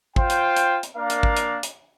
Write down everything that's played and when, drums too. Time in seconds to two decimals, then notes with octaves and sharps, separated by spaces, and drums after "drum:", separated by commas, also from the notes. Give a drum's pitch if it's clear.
0.16 F4 C5 G5, drum: kick
0.30 drum: hi-hat
0.57 drum: hi-hat
0.83 drum: hi-hat
0.96 A#3 D4 A#4 F5
1.10 drum: hi-hat
1.23 drum: kick
1.37 drum: hi-hat
1.63 drum: hi-hat